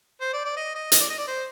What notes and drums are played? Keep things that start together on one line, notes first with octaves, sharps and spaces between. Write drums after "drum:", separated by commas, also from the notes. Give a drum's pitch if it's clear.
C5
D5
D5
D#5
D#5
D#5, drum: hi-hat
D5
D#5
D5
C5